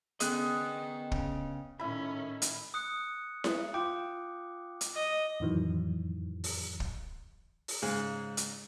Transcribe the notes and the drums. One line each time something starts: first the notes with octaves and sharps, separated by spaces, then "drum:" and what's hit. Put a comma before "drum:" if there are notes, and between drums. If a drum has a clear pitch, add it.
D3 B3 C#4 G#4 D#5 G5 F#6, drum: hi-hat
C#3, drum: kick
A2 D#3 C#4 E4 B5
drum: hi-hat
D#6 F#6 C#7
drum: snare E4
F4 G5 D6
drum: hi-hat
D#5
F2 A2 D#3 E3 F#3
drum: open hi-hat
drum: kick
drum: open hi-hat
G#2 C#3 F5 G#5
drum: hi-hat